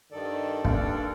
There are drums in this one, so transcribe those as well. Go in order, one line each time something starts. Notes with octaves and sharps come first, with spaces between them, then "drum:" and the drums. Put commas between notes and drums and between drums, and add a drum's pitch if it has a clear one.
G2 D#3 A4 D5
D#2 D4, drum: kick